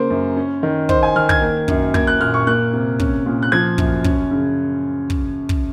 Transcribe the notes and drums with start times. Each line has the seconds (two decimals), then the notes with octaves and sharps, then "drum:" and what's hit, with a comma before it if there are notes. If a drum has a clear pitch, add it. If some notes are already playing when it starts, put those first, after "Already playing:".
Already playing: C#3 A#3 C5
0.10 F#2
0.37 C#4
0.63 D#3
0.89 D#4 C5, drum: kick
1.03 G#5
1.16 D#3 F6
1.29 G#6, drum: kick
1.42 A#3
1.68 F#2, drum: kick
1.94 A#3 G#6, drum: kick
2.07 F#6
2.21 A#2 F6
2.34 C#6
2.47 A#3 F#6
2.73 C3
3.00 C#4, drum: kick
3.26 A#2
3.43 F#6
3.52 F3 G#6
3.78 F#2, drum: kick
4.04 C#4, drum: kick
4.31 C#3
5.10 drum: kick
5.49 drum: kick